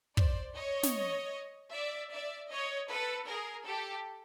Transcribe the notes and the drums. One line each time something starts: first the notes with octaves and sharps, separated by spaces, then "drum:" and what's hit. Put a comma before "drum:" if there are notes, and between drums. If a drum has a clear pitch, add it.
C5 D5, drum: kick
C#5 D#5
drum: snare
D5 E5
D5 E5
C#5 D#5
A4 B4
G#4 A#4
G4 A4